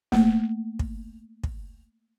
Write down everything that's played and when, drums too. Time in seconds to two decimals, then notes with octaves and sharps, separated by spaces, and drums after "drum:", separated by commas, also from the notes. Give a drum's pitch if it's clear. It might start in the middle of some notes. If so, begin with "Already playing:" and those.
0.12 A3 A#3, drum: snare
0.79 drum: kick
1.44 drum: kick